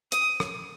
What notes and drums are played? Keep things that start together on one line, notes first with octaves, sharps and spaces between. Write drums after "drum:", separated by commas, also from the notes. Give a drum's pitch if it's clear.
D#6, drum: hi-hat
drum: rim click